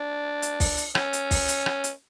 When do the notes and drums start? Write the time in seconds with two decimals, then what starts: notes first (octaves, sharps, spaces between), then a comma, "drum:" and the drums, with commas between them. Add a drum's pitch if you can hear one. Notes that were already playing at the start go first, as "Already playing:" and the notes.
Already playing: D4
0.42 drum: hi-hat
0.60 drum: kick, open hi-hat
0.78 drum: hi-hat
0.95 C#4, drum: rim click
1.13 drum: hi-hat
1.31 drum: kick, open hi-hat
1.48 drum: hi-hat
1.66 drum: rim click
1.84 drum: hi-hat